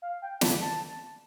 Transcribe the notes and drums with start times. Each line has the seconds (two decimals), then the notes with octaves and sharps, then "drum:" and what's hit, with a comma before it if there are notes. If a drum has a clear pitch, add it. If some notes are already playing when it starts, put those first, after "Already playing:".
0.02 F5
0.22 G5
0.41 A5, drum: snare
0.61 A5